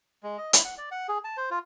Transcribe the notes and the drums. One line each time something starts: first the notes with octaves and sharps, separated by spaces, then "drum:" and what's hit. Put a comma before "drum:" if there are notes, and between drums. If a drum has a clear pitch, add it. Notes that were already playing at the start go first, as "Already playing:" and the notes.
G#3
D#5
E4, drum: hi-hat
F#5
D5
F#5
G#4
A5
C5
F4